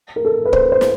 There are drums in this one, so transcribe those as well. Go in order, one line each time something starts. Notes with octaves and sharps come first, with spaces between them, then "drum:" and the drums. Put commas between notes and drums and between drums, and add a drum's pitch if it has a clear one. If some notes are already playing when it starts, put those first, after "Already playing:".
A#4
A4
B4
C5, drum: kick
C5
drum: snare